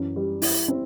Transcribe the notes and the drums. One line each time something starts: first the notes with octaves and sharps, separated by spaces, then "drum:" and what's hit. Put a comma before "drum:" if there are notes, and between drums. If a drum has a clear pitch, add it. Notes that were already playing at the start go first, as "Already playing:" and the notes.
Already playing: F#2 E3
G3
E4, drum: open hi-hat
C4